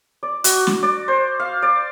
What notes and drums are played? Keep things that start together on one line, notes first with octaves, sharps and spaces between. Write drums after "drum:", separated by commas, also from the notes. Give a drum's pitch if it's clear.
D5
F#4, drum: hi-hat
drum: snare
D5
C5
F5
D5